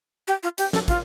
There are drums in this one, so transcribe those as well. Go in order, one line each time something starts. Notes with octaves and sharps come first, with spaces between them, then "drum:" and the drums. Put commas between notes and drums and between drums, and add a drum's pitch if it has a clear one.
G4
F4
G4, drum: hi-hat
A4, drum: snare
F4, drum: kick, hi-hat